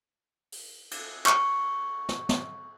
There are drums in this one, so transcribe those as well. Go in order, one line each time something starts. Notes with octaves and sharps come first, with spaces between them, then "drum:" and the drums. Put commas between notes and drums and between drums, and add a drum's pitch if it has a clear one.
drum: open hi-hat
drum: cymbal
C#6, drum: clap
drum: snare
drum: snare